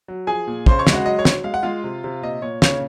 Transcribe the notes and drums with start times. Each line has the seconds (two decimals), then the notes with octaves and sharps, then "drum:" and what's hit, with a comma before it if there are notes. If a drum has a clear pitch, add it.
0.08 F#3
0.27 F3 G#4 G#5
0.47 A#2
0.66 C#3 C5 C6, drum: kick
0.79 C#5 C#6
0.87 G#3, drum: snare
0.93 F#4 F#5
1.05 F#3 D#5
1.19 C#5
1.25 F#3, drum: snare
1.44 G#3 F5
1.54 F#5
1.63 G#3 F4 F5
1.84 C3
2.04 C3
2.22 A#2 D#5
2.42 A#2 C#5
2.62 C#3 C#5, drum: snare